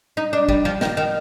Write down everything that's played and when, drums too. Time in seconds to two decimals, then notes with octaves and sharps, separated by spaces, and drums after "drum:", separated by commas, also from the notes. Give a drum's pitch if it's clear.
0.17 D#4
0.33 D4
0.49 G3, drum: kick
0.65 F3
0.81 D#3, drum: snare
0.97 D#3